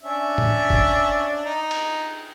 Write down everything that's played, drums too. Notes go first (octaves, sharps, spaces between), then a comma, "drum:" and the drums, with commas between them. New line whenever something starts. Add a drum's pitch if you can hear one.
C#4 D4 E5
drum: tom A2
drum: kick F1
D#4
drum: cymbal